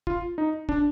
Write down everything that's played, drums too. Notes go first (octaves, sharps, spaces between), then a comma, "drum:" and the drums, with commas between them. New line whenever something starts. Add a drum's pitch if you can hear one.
F4, drum: kick
D#4
D4, drum: kick